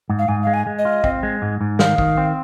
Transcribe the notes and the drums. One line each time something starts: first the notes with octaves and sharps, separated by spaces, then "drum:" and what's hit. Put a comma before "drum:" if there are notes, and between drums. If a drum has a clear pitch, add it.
G#2
F5
G#2 G#5
G#3 F5
G#5
G#3
D#5
F4
C4, drum: kick
G#3
G#2
G#2
D#3 F5, drum: snare
D#3, drum: kick
C4